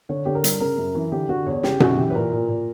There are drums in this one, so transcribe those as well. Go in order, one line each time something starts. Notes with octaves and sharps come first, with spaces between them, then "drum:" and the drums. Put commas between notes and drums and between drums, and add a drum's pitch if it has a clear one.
D3 C#5
D3 G4
A#4
G2, drum: hi-hat
C#3 A#4
F#2
E3
D3 G4
D3 F#4
E2 C#5
C#3 G4, drum: snare
F#2 F#4, drum: tom B2
E3 G4
B4
A#2 A#4
A#2
A#2